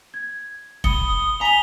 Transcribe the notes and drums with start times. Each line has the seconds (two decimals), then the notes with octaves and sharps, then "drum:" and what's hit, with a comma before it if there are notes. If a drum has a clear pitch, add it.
0.14 G#6
0.84 B5 D#6 C#7 G7, drum: kick
1.41 G#5 A#5 B6 F7 G7